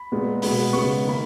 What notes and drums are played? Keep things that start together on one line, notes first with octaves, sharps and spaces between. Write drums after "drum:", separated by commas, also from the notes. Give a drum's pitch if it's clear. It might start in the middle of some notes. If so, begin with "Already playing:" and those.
Already playing: B5
A#2 G#3 B3
B2 G#3 B3 B5, drum: open hi-hat
C#3 G#3 B3 C#6
D#3 A#3 B5